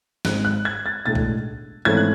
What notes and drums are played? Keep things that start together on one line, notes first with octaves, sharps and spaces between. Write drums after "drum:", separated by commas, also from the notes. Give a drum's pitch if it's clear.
G#1 G#2 G#3 F#6, drum: snare
F#6
G#6
A6
B1 A2 G#3 D4 A6
drum: kick
G#1 G#2 E3 A3 C#4 G#6
F#6